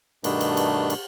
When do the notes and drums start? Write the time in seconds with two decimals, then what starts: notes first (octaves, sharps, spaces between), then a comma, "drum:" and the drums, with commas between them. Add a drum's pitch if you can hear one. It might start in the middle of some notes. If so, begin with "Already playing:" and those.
0.24 G2 B2 D#3 A3 B3 D4, drum: cymbal
0.41 drum: cymbal
0.57 drum: cymbal
0.90 drum: cymbal